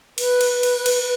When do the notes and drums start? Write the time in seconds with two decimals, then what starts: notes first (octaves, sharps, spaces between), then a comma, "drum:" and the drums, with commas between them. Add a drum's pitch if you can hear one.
0.18 B4, drum: cymbal
0.41 drum: cymbal
0.63 drum: cymbal
0.86 drum: cymbal